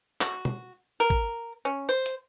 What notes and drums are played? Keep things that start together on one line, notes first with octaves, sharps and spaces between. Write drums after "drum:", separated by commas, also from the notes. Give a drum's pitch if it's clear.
F#4, drum: clap
drum: tom
A#4
drum: kick
C#4
C5
drum: hi-hat